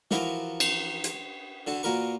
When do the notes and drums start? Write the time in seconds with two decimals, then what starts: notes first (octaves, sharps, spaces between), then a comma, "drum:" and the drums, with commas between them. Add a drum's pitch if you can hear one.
0.11 E3 F3 F#4 A#4 B4 C#6, drum: snare
0.60 drum: cymbal
1.04 drum: hi-hat
1.67 D3 F#4 A5
1.83 A#2 F#4 A#4 B4 C#6